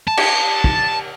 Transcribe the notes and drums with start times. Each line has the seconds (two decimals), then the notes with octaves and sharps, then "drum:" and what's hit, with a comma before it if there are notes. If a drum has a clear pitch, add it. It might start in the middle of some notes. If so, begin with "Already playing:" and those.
0.08 A5
0.17 drum: cymbal
0.64 drum: kick